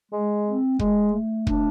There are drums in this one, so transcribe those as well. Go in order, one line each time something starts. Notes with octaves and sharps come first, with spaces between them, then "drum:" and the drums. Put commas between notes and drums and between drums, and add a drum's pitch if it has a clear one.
G#3
C4
G#3, drum: kick
A3
D4, drum: kick